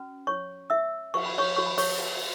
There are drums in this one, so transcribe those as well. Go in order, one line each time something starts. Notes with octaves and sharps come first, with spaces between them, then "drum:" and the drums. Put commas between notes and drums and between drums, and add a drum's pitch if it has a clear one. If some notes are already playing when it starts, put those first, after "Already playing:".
Already playing: C#4 F#4 B4
C#5 C#6
E5 E6
C#6, drum: cymbal
B5
C#5 C#6
F#4 C#5 C#6
B5
C#5 C#6, drum: open hi-hat
drum: cymbal